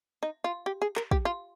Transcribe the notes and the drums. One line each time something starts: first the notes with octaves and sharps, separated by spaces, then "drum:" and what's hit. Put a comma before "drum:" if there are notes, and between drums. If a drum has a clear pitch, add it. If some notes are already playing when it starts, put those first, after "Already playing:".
D#4
F4
G4
G#4
A#4, drum: clap
G4, drum: kick
F4